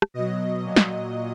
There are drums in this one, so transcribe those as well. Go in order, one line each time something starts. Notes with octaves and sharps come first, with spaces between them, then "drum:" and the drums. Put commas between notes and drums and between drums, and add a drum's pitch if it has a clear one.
drum: rim click
B2 F#3 D#5
A#2 F#3
drum: snare